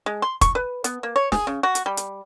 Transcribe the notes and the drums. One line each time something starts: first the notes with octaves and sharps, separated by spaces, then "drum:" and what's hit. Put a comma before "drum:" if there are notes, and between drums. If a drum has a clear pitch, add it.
G#3
C6
C#6, drum: kick, hi-hat
B4
B3, drum: hi-hat
A#3
C#5
G#4, drum: snare
C#3
F#4
drum: hi-hat
G3
drum: hi-hat